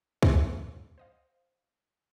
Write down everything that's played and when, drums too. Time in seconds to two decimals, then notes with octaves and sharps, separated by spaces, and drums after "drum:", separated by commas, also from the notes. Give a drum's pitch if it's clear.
0.22 D3 G3 C4 C#4, drum: kick C#2
0.98 C5 D#5 F5